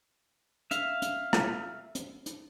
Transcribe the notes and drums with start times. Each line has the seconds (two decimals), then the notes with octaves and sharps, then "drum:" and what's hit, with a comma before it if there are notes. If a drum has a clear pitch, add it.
0.71 E5 F5, drum: hi-hat
1.02 drum: hi-hat
1.33 drum: rim click
1.95 drum: hi-hat
2.26 drum: hi-hat